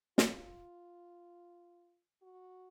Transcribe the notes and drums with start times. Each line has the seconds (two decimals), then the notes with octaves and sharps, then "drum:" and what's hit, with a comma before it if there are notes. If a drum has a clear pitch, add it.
0.18 F4, drum: snare
2.22 F#4